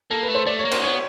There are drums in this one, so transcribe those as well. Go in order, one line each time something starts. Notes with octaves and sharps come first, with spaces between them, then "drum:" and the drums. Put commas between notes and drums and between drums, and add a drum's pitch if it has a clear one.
A#3 A4
B4
A3
C5
A3 D5
C#5
A#3
C5, drum: cymbal
B3 C#5